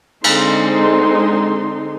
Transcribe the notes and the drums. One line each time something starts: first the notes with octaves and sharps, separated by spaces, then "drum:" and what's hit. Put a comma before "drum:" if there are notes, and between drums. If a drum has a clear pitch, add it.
D3 G#3 C4 D#4 C6, drum: cymbal